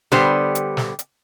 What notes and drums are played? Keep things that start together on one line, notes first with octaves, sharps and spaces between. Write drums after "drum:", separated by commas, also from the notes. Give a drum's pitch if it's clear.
D3 G3 B3 G4 C5, drum: snare
drum: hi-hat
drum: snare
drum: hi-hat